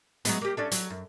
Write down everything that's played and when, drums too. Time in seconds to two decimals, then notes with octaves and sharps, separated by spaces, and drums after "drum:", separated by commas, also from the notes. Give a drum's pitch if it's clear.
0.25 F#3 G#3 B3, drum: hi-hat
0.41 A#3 G4
0.57 C#4 D4 A4
0.72 F#3, drum: hi-hat
0.90 F#2